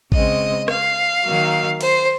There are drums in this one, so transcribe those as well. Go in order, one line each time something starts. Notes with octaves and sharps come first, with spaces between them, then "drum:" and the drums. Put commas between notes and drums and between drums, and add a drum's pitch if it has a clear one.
C#3 G#3 C4 D#5, drum: kick A1
F5, drum: rim click
D#3 F#3 A#3
C5, drum: cymbal